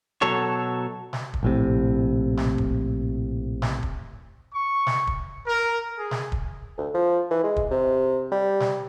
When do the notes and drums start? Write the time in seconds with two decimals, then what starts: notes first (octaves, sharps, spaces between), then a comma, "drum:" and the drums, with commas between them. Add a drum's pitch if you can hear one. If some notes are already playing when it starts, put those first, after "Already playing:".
0.22 B2 F#3 A4 C#5
1.13 drum: snare
1.34 drum: kick
1.43 A#1 A2 C3
2.37 drum: snare
2.58 drum: kick
3.62 drum: snare
3.83 drum: kick
4.54 C#6
4.87 drum: snare
5.07 drum: kick
5.46 A#4
5.98 G#4
6.11 drum: snare
6.32 drum: kick
6.78 D2
6.94 F3
7.31 E3
7.44 G#3
7.56 drum: kick
7.71 C3
8.32 G3
8.60 drum: snare